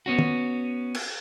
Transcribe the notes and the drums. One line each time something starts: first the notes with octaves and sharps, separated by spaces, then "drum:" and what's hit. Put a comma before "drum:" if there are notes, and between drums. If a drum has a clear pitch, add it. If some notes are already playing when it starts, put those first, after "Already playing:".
B3 C#4 F#4
drum: tom
drum: cymbal